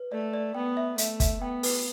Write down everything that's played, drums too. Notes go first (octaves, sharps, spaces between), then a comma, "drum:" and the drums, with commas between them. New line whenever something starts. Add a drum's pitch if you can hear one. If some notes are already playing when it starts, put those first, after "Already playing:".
Already playing: B4
A3 D5
D5
B3 G5
E5
A3 E5, drum: hi-hat
E5, drum: kick, hi-hat
B3 G5
B4, drum: open hi-hat